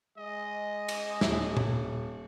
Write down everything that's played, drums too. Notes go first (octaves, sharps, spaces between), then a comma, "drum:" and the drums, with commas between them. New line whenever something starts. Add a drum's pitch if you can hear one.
G#3 D#5
drum: cymbal
D#1 E4, drum: snare
drum: tom